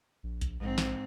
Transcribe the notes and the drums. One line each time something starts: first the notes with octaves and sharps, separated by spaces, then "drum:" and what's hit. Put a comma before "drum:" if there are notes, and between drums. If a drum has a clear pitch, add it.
A#1
drum: kick C2, hi-hat
A#1 G#2 C4
drum: snare